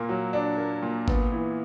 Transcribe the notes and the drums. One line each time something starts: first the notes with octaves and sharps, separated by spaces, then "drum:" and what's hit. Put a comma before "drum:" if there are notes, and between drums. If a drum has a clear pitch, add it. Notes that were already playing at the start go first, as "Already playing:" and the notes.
Already playing: A#2 A#3
F#3
D4
A#3
A#2
B3, drum: kick G#1
E3